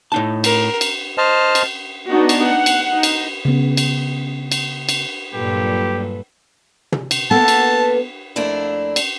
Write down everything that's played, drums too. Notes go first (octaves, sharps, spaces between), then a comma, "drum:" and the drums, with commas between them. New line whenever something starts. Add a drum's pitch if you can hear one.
A2 D#4 A5
A#4, drum: cymbal
drum: cymbal
C5 D#5 A5 F6
drum: cymbal
B3 D4 D#4 F#4
drum: cymbal
F#5
drum: cymbal
D#4
drum: cymbal
C#3 B3
drum: cymbal
drum: cymbal
drum: cymbal
G2 A#2 F#3 G4 A4 B4
drum: tom
drum: cymbal
A#3 B3 A4 A5
drum: cymbal
F2 A3 A#3 D4 E4
drum: cymbal